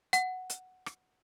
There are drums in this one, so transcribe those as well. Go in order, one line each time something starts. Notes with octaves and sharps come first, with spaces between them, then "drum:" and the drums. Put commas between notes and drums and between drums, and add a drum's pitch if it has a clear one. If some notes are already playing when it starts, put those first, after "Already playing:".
F#5, drum: hi-hat
drum: hi-hat
drum: rim click